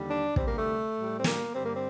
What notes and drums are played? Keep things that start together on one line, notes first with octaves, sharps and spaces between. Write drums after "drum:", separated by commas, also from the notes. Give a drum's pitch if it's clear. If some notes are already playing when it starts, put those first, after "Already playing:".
Already playing: D#2 D3 G3
D4
D2 C3 G3 C4, drum: kick
A#3
A3
A2 G3
C4
A#3, drum: snare
G2 D3 G3 C4
A#3
C4